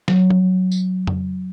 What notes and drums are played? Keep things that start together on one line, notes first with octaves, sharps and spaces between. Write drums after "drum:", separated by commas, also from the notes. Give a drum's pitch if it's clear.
F#3, drum: snare
drum: tom
drum: tambourine
drum: tom F2